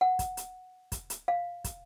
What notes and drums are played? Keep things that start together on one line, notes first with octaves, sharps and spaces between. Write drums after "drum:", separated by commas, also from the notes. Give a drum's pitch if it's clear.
F#5
drum: kick, hi-hat
drum: hi-hat
drum: kick, hi-hat
drum: hi-hat
F5
drum: kick, hi-hat